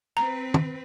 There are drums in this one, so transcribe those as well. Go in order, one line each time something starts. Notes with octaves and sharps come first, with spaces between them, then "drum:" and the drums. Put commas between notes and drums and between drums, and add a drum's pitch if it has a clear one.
C4 B4 A#5
drum: tom